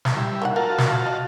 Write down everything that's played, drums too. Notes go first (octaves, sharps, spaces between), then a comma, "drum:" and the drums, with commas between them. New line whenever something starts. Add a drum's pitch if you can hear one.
drum: snare
G3 E4
A#3 D#4 F#5
F4 F#4 A#4 A5
drum: snare
D#5